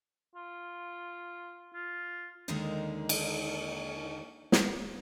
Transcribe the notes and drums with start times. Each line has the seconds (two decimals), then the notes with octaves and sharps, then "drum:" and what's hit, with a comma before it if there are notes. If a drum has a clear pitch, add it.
0.35 F4
1.74 F4
2.48 D#2 D3 D#3 G#3 A#3 D#4
3.09 drum: cymbal
4.52 drum: snare